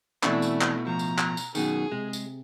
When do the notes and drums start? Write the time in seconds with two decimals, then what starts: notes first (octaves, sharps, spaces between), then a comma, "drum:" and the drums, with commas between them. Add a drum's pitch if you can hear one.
0.23 B2 E3 A3 C4 D4 E4 E5 C#6, drum: clap
0.42 drum: tambourine
0.61 drum: clap
0.87 A2 F3 A#5
0.99 drum: tambourine
1.18 drum: clap
1.37 drum: tambourine
1.55 F#2 B2 D#3 G#4, drum: tambourine
1.92 C3 G#3
2.13 drum: tambourine